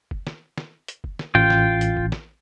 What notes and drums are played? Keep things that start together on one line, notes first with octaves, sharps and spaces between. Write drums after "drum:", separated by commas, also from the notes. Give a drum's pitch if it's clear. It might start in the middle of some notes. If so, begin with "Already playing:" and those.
drum: kick
drum: snare
drum: snare
drum: hi-hat
drum: kick
drum: snare
A1 F4 G5
drum: snare
drum: hi-hat
drum: kick
drum: snare